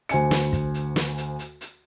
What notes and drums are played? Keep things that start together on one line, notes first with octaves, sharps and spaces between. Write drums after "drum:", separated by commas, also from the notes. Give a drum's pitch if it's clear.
D2 C5 G#5 C#7, drum: hi-hat
drum: snare
drum: kick, hi-hat
drum: hi-hat
drum: snare
drum: hi-hat
drum: hi-hat
drum: hi-hat